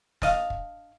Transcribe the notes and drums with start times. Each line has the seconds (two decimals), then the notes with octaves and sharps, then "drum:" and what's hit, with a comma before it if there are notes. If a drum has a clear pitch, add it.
0.22 D4 D#5 F5, drum: snare
0.50 drum: kick